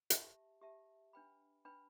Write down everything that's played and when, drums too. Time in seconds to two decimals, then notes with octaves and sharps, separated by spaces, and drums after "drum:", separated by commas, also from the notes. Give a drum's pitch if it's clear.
0.10 G4 E5 A5, drum: hi-hat
0.62 G4 E5 A5
1.13 D4 B4 G5 B5
1.65 D4 B4 G5 B5